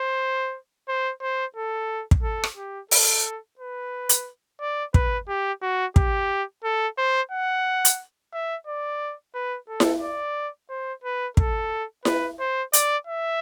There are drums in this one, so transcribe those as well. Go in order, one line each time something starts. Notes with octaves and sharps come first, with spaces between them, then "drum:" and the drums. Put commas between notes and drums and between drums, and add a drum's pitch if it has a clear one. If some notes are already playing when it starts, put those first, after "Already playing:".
Already playing: C5
C5
C5
A4
drum: kick
A4
drum: rim click
G4
A4, drum: open hi-hat
B4
drum: hi-hat
D5
B4, drum: kick
G4
F#4
G4, drum: kick
A4
C5
F#5
drum: hi-hat
E5
D5
B4
A4
drum: snare E4
D5
C5
B4
A4, drum: kick
B4, drum: snare E4
C5
D5, drum: hi-hat
E5